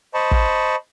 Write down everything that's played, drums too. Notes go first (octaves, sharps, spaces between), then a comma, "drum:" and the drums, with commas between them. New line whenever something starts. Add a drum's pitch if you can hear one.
C5 D#5 A5 B5 C#6
drum: kick